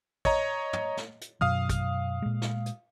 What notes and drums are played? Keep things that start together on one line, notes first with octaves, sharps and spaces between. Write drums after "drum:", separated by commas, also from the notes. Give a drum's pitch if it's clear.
C#5 D#5 A#5, drum: kick
drum: tom
drum: snare
drum: hi-hat
F#2 B2 F#3 F5 D#6 F6
drum: kick, hi-hat
A#2 G#3
drum: snare
drum: hi-hat